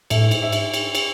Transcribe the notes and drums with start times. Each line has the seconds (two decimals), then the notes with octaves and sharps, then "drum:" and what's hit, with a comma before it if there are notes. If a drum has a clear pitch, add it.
0.10 A2 E5, drum: cymbal
0.31 G#2, drum: cymbal
0.42 E5
0.52 drum: cymbal
0.74 drum: cymbal
0.95 drum: cymbal